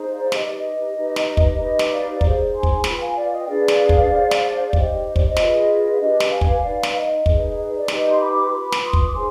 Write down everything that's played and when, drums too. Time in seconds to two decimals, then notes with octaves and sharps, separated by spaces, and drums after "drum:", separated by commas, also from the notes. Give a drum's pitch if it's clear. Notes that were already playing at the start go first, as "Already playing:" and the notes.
Already playing: D#4 G#4 C5
0.11 D5 F5
0.32 D#4 G4 B4 D#5, drum: snare
0.45 D5
0.58 D#5
0.96 D#4 G4 B4
1.16 drum: snare
1.37 drum: kick
1.58 D#4 G4 B4 D#5
1.79 drum: snare
1.90 D5 F5
2.21 D#4 G#4 C5, drum: kick
2.53 G#5 C6
2.63 drum: kick
2.84 F4 B4 G5 B5, drum: snare
3.00 F5 G#5
3.16 D5 F5
3.31 D#5
3.40 G5
3.47 D4 G#4 B4 D5 F5
3.68 drum: snare
3.89 drum: kick
4.10 D4 G#4 C5
4.31 drum: snare
4.73 D#4 G4 C5 D#5 G5, drum: kick
5.05 D#5
5.16 D5, drum: kick
5.27 D#5
5.36 F4 G#4 B4, drum: snare
5.93 F5
5.99 D4 G4 B4 D#5
6.20 drum: snare
6.30 F5 G#5
6.41 drum: kick
6.62 D#4 B4 D5 F5
6.83 drum: snare
6.94 D#5
7.26 D#4 G#4 B4, drum: kick
7.76 D5
7.88 D#4 G4 B4 D#5, drum: snare
8.10 C6
8.20 B5 D6
8.46 C6
8.51 F4 B4 B5 D6
8.72 drum: snare
8.83 C6 D#6
8.93 drum: kick
9.06 D6
9.14 D#4 G#4 C5 G#5 C6